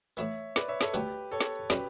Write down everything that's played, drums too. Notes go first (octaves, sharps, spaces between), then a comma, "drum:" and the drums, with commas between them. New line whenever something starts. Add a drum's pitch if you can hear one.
A2 E3 B3 C#5 E5
B4 D5, drum: snare
C#5 E5
A4 C#5, drum: snare
D2 D3 G3 B3 D4 G4 B4
A4 C#5
drum: snare
B2 G3 C#4 E4 G4 B4, drum: snare